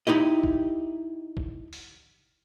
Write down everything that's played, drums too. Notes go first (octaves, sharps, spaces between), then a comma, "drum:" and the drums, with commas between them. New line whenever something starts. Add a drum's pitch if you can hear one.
D#4 E4 G4 D#5
drum: kick
drum: kick
drum: open hi-hat